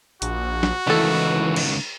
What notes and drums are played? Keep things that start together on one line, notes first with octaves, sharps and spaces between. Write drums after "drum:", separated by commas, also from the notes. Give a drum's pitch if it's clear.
A#1 F#4, drum: hi-hat
drum: snare
C#2 D#3 E3 A3 A4
drum: cymbal